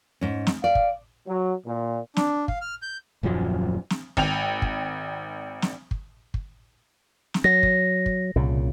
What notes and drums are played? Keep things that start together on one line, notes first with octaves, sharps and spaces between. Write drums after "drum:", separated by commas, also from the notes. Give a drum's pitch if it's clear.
G#2 C#4
drum: snare
D5 F5
drum: kick
F#3
A#2
D4, drum: snare
F5, drum: kick
F6
G6
D#1 F#2 F3 F#3
drum: snare
G#1 G5 F7, drum: kick
drum: kick
drum: snare
drum: kick
drum: kick
drum: snare
F#3 A#6
drum: kick
drum: kick
C2 A#2 C#3